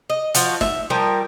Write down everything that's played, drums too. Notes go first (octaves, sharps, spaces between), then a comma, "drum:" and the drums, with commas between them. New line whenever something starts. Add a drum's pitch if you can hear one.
D#5
F3 F4 F#4, drum: hi-hat
E5, drum: snare
F3 G3 A#4